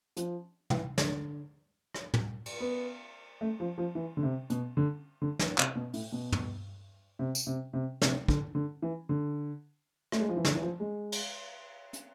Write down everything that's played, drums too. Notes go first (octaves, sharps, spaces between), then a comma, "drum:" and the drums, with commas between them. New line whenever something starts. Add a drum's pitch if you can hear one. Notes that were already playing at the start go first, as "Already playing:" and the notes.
F3, drum: hi-hat
E3, drum: tom
D3, drum: snare
drum: rim click
drum: tom
drum: cymbal
B3
A3
F3
F3
E3
D3
C3
B2, drum: hi-hat
D3
D3
E3, drum: snare
C3, drum: clap
B2
A2, drum: open hi-hat
B2
drum: tom
C3
drum: tambourine
C3
C3
C3, drum: snare
D3, drum: kick
D3
E3
D3
A3, drum: rim click
G#3
F3
E3
D3, drum: snare
E3
F3
G#3
drum: cymbal
drum: hi-hat